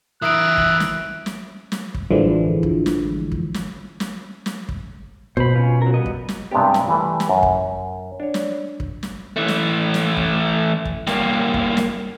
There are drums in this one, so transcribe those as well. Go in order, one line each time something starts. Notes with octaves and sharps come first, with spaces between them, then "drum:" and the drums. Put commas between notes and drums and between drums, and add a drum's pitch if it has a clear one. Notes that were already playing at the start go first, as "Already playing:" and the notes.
E3 E4 A#4 D#6 E6 F#6 D7
drum: kick
drum: snare
drum: snare
drum: snare
drum: kick
A1 G2 D3 E3 F3 G#3
drum: kick
drum: snare
drum: kick
drum: snare
drum: snare
drum: snare
drum: kick
B2 C5 B5, drum: kick
C#4 F4
F#3 A#4
G3 B3 D#5
drum: kick
drum: snare
G2 C3 G#3 B3 G4
drum: snare
E3 G3 A3 B4
drum: snare
F#2
drum: kick
D4 C#5
drum: snare
drum: kick
drum: snare
E3 A3
drum: snare
drum: snare
drum: kick
drum: kick
G2 A#3, drum: snare
drum: kick
drum: snare